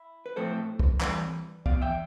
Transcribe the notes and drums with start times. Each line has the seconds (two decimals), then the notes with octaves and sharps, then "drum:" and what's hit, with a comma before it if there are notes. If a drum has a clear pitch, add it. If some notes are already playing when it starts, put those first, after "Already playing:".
Already playing: E4
0.26 B4
0.36 A2 F3 A3 C4 A4 C5
0.79 drum: kick
1.00 E3 G3 C4 B4 D5, drum: clap
1.66 E3 B3 D5 F5, drum: kick
1.82 E5 G5